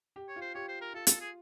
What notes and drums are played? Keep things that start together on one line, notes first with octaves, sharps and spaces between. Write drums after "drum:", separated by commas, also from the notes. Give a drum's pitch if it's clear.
G4
C#5
F4
C5
G4 C#5
C5
A#4
F4 A4
A4, drum: hi-hat
G#4